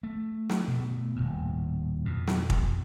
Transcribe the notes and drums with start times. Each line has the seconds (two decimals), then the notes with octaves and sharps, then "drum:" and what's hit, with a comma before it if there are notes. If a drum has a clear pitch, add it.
0.03 A3
0.49 drum: snare
0.68 B2 A3
1.16 D#1 G#1 A2
2.05 F2 B2
2.27 drum: snare
2.50 drum: kick